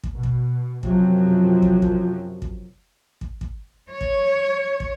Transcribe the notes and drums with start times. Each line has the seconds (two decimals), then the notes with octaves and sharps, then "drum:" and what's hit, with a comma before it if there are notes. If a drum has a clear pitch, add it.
0.04 drum: kick
0.14 B2
0.23 drum: kick
0.83 F#2 C3 F3 F#3, drum: kick
1.62 drum: kick
1.82 drum: kick
2.42 drum: kick
3.21 drum: kick
3.41 drum: kick
3.90 C#5
4.01 drum: kick
4.80 drum: kick